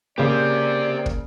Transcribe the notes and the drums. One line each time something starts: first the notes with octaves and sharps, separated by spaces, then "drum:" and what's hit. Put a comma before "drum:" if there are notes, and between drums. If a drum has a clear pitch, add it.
C#3 A#3 G4 C5 D5
drum: kick